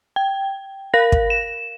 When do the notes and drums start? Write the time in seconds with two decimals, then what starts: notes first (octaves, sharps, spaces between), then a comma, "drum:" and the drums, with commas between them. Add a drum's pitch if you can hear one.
0.16 G5
0.94 A#4 F5 A#6
1.12 drum: kick
1.30 E7